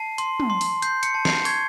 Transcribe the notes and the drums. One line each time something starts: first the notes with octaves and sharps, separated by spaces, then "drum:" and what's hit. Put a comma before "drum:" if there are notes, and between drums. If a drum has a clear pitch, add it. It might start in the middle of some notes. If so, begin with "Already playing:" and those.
Already playing: A5 C7
C6, drum: hi-hat
drum: tom
C6
drum: open hi-hat
G6 C7, drum: hi-hat
C#7, drum: hi-hat
A5
C7, drum: snare
C#6 G#6, drum: open hi-hat